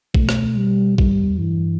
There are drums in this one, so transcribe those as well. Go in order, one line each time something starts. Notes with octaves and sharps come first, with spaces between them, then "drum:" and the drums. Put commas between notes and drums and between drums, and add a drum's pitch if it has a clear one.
B2 A3, drum: kick
drum: rim click
G3
G2 G3, drum: kick
E2
G2 E3